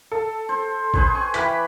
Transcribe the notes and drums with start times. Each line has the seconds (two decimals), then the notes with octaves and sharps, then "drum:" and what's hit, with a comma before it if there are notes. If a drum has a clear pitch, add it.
0.12 A4
0.49 C5
0.94 G#4 B4 C5, drum: kick A1
1.14 G#5 C#6
1.34 E3 G4 B5 F#6 B6, drum: hi-hat